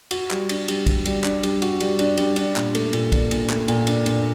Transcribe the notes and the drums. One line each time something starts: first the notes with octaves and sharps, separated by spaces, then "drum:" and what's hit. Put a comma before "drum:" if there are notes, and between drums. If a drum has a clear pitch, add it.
F#4, drum: cymbal
G3, drum: clap
D4, drum: cymbal
G3, drum: cymbal
F#4, drum: kick, cymbal
G3, drum: cymbal
D4, drum: clap
G3, drum: cymbal
F#4, drum: cymbal
G3, drum: cymbal
D4, drum: cymbal
G3, drum: cymbal
D4, drum: cymbal
A#2, drum: clap
A3, drum: cymbal
A#2, drum: cymbal
D4, drum: kick, cymbal
A#2, drum: cymbal
A3, drum: clap
A#2, drum: cymbal
D4, drum: cymbal
A#2, drum: cymbal